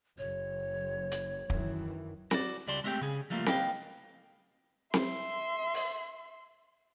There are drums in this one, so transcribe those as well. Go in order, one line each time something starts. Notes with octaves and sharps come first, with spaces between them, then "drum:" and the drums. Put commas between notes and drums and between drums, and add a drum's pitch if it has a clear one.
F#1 C#5
drum: hi-hat
F#2 D#3 E3, drum: kick
F#4 D5, drum: snare C4
C#2 G3 D5 A5 C6
G#3 A3 C4 G4 C5 G5
C#3 G#4
F3 G3 A3 A#3 D4 F4
A#3 B4 D#5 F5 G5, drum: snare C4
E5 C6, drum: snare C4
drum: open hi-hat